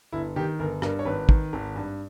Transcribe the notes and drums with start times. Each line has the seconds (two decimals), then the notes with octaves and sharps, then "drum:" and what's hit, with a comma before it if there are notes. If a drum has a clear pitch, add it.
0.12 G1 E4
0.36 D#3 G4
0.59 G1 A#4
0.82 G2 A#4, drum: rim click
0.99 C#5
1.05 G#1 B4
1.29 D#3, drum: kick
1.53 G#1
1.76 G2